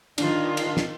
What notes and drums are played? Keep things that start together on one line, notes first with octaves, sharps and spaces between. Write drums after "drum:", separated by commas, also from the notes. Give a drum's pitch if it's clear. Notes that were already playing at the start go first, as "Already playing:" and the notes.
D#3 D4 F4 F5, drum: cymbal
drum: cymbal
drum: snare